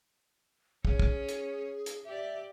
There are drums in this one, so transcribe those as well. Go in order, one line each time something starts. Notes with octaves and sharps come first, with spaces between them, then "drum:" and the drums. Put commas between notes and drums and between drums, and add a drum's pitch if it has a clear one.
C#4 G#4, drum: kick
drum: kick
drum: hi-hat
drum: hi-hat
G4 D5 E5